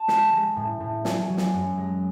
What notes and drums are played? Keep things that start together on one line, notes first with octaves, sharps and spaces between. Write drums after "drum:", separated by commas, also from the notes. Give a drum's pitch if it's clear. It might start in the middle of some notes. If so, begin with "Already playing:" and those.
Already playing: A5
G#3, drum: snare
G#3
A2
A2
F#3 G#5, drum: snare
G#5
F#3
F#5, drum: snare
F#2
G#3